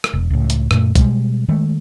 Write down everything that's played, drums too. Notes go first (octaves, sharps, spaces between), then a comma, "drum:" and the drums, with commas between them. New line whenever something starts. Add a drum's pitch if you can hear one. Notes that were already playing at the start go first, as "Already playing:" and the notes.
drum: rim click
E1
C#2 A2
drum: hi-hat
F#2 A#2 A3, drum: rim click
B2 G3 G#3, drum: kick, hi-hat
D#3 G#3 A3